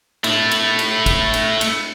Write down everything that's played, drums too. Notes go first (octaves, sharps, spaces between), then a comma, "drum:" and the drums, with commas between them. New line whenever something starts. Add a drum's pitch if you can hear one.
A3 E4, drum: cymbal
drum: cymbal
drum: cymbal
drum: kick, cymbal
drum: cymbal
drum: cymbal